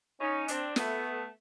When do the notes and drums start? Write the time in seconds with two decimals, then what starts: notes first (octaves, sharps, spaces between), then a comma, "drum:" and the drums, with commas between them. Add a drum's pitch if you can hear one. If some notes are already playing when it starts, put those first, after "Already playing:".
0.20 C#4 D#4
0.48 C4 D4, drum: hi-hat
0.76 A3 B3, drum: snare